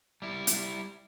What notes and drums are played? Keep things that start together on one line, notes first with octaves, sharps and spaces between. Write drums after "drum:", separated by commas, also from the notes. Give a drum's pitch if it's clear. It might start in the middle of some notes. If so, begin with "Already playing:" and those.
G3 E4
drum: hi-hat